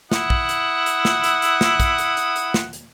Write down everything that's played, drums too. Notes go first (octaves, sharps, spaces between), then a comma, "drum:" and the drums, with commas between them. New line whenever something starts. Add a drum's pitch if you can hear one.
E4 F#5 D#6, drum: snare
drum: kick
drum: hi-hat
drum: hi-hat
drum: snare
drum: hi-hat
drum: hi-hat
drum: snare
drum: kick, hi-hat
drum: hi-hat
drum: hi-hat
drum: hi-hat
drum: snare
drum: hi-hat